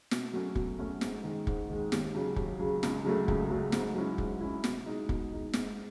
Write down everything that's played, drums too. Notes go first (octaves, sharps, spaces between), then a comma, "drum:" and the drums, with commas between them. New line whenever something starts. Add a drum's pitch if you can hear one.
B2, drum: snare
F#3 A3 C#4
B2, drum: kick
F#3 A3 C#4
G#2, drum: snare
D#3 G#3
G#2, drum: kick
D#3 G#3
D#2, drum: snare
C#3 F#3
D#2, drum: kick
C#3 F#3
C#2, drum: snare
C#3 F#3 A3
C#2, drum: kick
C#3 F#3 A3
G#2, drum: snare
F#3 C#4 E4
G#2, drum: kick
F#3 C#4 E4
B2, drum: snare
G#3 D#4
B2, drum: kick
G#3 D#4
G#2, drum: snare